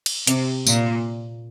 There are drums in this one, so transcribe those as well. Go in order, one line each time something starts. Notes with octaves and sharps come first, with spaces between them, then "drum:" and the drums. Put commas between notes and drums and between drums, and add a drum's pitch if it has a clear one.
drum: cymbal
C3, drum: hi-hat
A#2, drum: tambourine